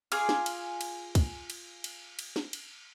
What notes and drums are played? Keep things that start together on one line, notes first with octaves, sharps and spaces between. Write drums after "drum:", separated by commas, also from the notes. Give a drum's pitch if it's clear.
F4 G#4 D6 F6, drum: cymbal
drum: snare
drum: cymbal
drum: cymbal
drum: kick, cymbal
drum: cymbal
drum: cymbal
drum: cymbal
drum: snare
drum: cymbal